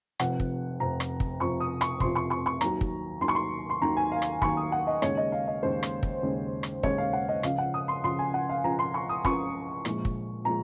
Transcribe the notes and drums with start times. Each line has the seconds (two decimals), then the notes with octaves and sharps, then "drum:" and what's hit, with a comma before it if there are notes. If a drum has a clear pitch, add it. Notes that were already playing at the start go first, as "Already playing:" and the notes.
0.19 F1 F2 C3 F3 F#5, drum: rim click
0.40 drum: kick
0.80 F1 F2 C3 F3 A#5
1.00 drum: rim click
1.20 drum: kick
1.40 F1 F2 C3 F3 C#6
1.60 D#6
1.81 C#6, drum: rim click
2.00 F1 F2 C3 F3 C6, drum: kick
2.15 C#6
2.30 C#6
2.46 C#6
2.61 D#2 D#3 F#3 A#5, drum: rim click
2.81 drum: kick
3.21 D#2 D#3 F#3 C6
3.28 C#6
3.35 C6
3.70 C6
3.82 D#2 D#3 F#3 A#5
3.97 G#5
4.12 F5
4.22 drum: rim click
4.42 D#2 D#3 F#3 C#6, drum: kick
4.57 D#6
4.72 F#5
4.87 D#5
5.02 D#2 C#3 G#3 C#5, drum: rim click
5.17 D#5
5.32 F5
5.47 D#5
5.63 D#2 C#3 G#3 C5
5.83 drum: rim click
6.03 drum: kick
6.23 D#2 C#3 G#3
6.63 drum: rim click
6.83 D#2 C#3 G#3 C#5, drum: kick
6.98 F5
7.13 F#5
7.28 D#5
7.43 C#2 C#3 F3 F5, drum: rim click
7.58 F#5
7.74 D#6
7.88 C6
8.04 C#2 C#3 F3 C6
8.19 G#5
8.34 F#5
8.49 F5
8.64 C#2 C#3 F3 A#5
8.79 C6
8.94 C#6
9.09 D#6
9.25 C#2 C#3 F3 C#6, drum: kick
9.85 A#1 A#2 F3 G#3, drum: rim click
10.05 drum: kick
10.45 A#2 F3 G#3 A#5